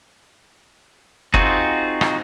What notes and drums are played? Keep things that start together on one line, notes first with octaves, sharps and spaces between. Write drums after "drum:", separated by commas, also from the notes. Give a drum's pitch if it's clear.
C4 D#4 F4 F#4 G#4, drum: kick
drum: rim click